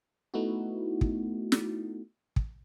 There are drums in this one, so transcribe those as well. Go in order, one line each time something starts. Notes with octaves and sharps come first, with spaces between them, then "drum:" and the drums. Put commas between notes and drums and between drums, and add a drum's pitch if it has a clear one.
A3 B3 D#4 E4 F#4
drum: kick
drum: snare
drum: kick